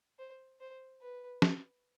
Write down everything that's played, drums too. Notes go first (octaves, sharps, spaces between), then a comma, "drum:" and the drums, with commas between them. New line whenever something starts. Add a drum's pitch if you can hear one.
C5
C5
B4
drum: snare